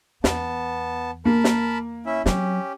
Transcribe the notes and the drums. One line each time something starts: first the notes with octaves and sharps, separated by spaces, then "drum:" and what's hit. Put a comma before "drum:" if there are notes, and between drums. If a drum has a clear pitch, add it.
E2 B3 A5, drum: snare
A#3 A#4 A5 B5
drum: snare
C#4 E4 E5
F#3 C4 C#4 G4, drum: snare